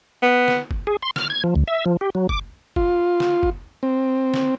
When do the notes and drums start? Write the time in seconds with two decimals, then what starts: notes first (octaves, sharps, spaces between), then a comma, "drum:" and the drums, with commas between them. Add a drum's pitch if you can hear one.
0.22 B3
0.48 drum: snare
0.71 drum: kick
0.87 G#4
1.02 C6
1.16 F6, drum: snare
1.30 G#6
1.44 F3
1.56 D2
1.68 E5
1.86 F3
2.01 G4
2.15 F#3
2.29 D6, drum: kick
2.76 F4, drum: kick
3.20 drum: snare
3.43 drum: kick
3.83 C4
4.34 drum: snare